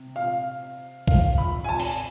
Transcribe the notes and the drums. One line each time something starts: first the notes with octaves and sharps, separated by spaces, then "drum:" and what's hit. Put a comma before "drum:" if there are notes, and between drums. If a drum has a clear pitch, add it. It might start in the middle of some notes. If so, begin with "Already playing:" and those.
Already playing: C3
F5
F5, drum: kick B1
B5
G#5
A5
drum: open hi-hat